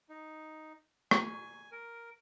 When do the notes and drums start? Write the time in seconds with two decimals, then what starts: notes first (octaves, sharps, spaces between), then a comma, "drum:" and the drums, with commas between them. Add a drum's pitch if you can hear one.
0.09 D#4
1.11 G#5, drum: rim click
1.72 A#4